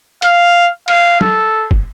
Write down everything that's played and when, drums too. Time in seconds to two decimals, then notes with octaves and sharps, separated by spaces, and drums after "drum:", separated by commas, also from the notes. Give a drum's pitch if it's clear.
0.22 F5, drum: hi-hat
0.88 F5, drum: cymbal
1.21 A4, drum: tom
1.71 drum: kick